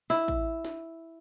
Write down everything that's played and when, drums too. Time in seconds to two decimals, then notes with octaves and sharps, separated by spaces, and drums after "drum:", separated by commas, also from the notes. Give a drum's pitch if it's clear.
0.10 E4, drum: snare
0.28 drum: kick A1
0.65 drum: snare